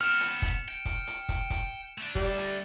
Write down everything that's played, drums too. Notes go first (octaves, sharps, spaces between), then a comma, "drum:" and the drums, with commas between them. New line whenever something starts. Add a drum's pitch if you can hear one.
B3 C4 F6 C#7 E7
drum: hi-hat
drum: kick, hi-hat
G5
drum: kick, hi-hat
drum: hi-hat
drum: kick, hi-hat
drum: kick, hi-hat
A3 D4
G3, drum: kick, hi-hat
drum: hi-hat